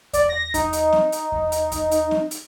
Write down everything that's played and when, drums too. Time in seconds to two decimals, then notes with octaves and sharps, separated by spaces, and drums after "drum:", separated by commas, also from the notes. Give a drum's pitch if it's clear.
0.13 D5, drum: kick E2, hi-hat
0.29 A#6
0.54 D#4, drum: kick E2, hi-hat
0.73 drum: hi-hat
0.92 drum: snare C4
1.12 drum: hi-hat
1.32 drum: kick E2
1.52 drum: hi-hat
1.72 drum: kick E2, hi-hat
1.91 drum: hi-hat
2.11 drum: snare C4
2.31 drum: hi-hat